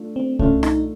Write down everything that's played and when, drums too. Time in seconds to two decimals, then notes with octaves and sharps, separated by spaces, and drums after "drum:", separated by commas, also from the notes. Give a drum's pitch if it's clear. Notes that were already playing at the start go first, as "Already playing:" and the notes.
Already playing: A3 D4 F4
0.16 C4
0.39 A3 C#4 D4 F4, drum: kick C2
0.63 D#4, drum: rim click